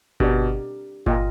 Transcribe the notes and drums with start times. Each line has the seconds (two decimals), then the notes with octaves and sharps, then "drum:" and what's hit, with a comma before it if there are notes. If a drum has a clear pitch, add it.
0.20 B2 D4 G4 A#4 D5, drum: kick G1
1.06 A#2 F4 A#4 D#5 G5, drum: kick G1